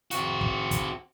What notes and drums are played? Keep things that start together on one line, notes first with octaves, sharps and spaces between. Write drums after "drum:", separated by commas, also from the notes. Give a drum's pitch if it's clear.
C4 F#4, drum: hi-hat
drum: kick
drum: kick, hi-hat